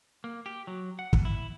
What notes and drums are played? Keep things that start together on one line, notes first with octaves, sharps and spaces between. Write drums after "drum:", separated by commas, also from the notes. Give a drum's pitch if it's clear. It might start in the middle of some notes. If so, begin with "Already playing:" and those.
A#3
G4
F#3
F#5
drum: kick
E4